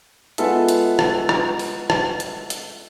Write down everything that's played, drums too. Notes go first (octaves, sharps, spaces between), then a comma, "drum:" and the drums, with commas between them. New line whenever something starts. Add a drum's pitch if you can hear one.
G#3 B3 F4 G#4 A4 E5, drum: hi-hat
drum: hi-hat
drum: rim click
drum: rim click
drum: open hi-hat
drum: rim click
drum: hi-hat
drum: hi-hat